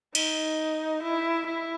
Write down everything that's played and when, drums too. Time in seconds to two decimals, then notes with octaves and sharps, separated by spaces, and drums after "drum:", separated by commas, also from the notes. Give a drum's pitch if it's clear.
0.15 D#4, drum: cymbal
1.03 E4
1.47 E4